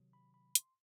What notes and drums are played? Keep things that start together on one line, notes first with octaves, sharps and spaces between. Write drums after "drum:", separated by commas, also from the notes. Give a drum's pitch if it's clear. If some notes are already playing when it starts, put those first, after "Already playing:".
Already playing: C3 D#3 F#3
B5
B5
C6, drum: hi-hat